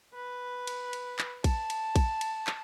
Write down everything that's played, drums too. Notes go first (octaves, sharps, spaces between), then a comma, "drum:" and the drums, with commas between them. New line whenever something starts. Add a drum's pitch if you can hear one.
B4
drum: cymbal
drum: cymbal
drum: clap
A5, drum: kick A#1, cymbal
drum: cymbal
drum: kick A#1, cymbal
drum: cymbal
drum: clap